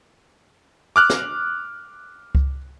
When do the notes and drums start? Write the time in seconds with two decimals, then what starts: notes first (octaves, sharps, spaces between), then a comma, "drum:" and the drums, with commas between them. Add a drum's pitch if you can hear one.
0.96 D6 F6 F#6
1.10 drum: snare
2.35 drum: kick C#2